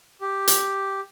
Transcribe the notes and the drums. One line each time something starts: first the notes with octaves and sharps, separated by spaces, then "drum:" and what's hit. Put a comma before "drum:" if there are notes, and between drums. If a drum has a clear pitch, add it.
G4
drum: hi-hat